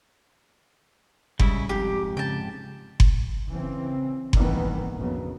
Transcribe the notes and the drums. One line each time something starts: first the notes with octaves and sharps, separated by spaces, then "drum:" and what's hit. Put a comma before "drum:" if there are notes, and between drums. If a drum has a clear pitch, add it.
G#2 C#3 G3 E4, drum: kick F#1
F2 G#2 G4
C#3 G5 A5
drum: kick F#1
C#3 E3 C4
C2 G#2 D#3 E3 A#3 B3, drum: kick F#1
A#1 F2 C#3 F#3 B3